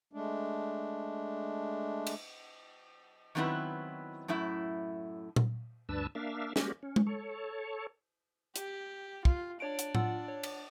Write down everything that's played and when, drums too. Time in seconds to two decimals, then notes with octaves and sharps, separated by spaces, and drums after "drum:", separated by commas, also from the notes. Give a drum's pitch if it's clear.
0.13 G#3 A3 D4
2.07 drum: cymbal
3.35 D#3 F#3 B3 C4 E4 B4
4.28 F#2 A2 E4 E5
5.36 drum: tom A#2
5.89 D2 G2 D4 B4 A5 E6
6.15 A#3 D4 E5 F5
6.56 G3 G#3 A#3 C#4 F#4 G4, drum: snare
6.83 C#4
6.96 drum: tom G#3
7.07 A4 C#5
8.56 G4, drum: hi-hat
9.25 F4, drum: kick
9.60 D4 C#5 D7
9.79 drum: hi-hat
9.95 F4 F#5 E6, drum: tom A2
10.28 C#5
10.43 drum: cymbal